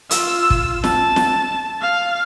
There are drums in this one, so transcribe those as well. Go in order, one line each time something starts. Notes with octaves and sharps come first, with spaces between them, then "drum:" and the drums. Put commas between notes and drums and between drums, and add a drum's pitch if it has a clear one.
F4 E6, drum: hi-hat
drum: kick
A5, drum: snare
drum: snare
F5